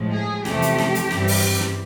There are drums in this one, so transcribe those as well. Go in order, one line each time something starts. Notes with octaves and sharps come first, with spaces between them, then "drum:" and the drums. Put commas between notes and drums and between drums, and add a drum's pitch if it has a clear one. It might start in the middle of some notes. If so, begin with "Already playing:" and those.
Already playing: A2 F3 G#3
G#4
E2 C3 F3 A3 C4 G4, drum: snare
drum: hi-hat
drum: snare
drum: hi-hat
G2 E3 G3 C4, drum: snare
drum: open hi-hat
drum: snare